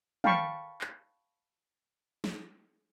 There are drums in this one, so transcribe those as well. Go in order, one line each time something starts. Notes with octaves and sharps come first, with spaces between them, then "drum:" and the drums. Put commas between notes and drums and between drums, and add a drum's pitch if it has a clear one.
F5 G5 A5 B5 C#6, drum: tom
drum: clap
drum: snare